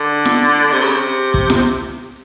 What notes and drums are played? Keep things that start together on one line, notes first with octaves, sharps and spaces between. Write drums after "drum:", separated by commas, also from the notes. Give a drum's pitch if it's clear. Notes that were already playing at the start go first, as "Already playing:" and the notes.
Already playing: D3
drum: snare
C3
C#3
C3
drum: kick
drum: snare